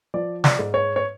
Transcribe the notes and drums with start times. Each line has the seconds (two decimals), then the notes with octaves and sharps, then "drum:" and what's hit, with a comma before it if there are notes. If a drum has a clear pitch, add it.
0.14 F3 D5
0.44 D5, drum: snare
0.59 G#2
0.74 C#5
0.96 C#5